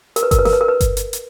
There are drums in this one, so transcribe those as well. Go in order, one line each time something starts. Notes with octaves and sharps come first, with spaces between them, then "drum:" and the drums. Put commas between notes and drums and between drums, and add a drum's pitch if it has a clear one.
A#4, drum: hi-hat
B4
A#4, drum: kick G1, hi-hat
B4
A#4, drum: snare
B4
A#4
B4
drum: kick G1, hi-hat
drum: hi-hat
drum: hi-hat